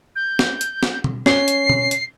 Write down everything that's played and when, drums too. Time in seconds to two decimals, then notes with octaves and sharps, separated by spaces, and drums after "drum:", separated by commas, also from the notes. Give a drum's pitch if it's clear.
0.16 G6
0.39 drum: snare
0.61 drum: hi-hat
0.83 drum: snare
1.04 drum: tom B2
1.26 C#4 C7 G7, drum: snare
1.48 drum: hi-hat
1.69 drum: tom B2
1.91 drum: hi-hat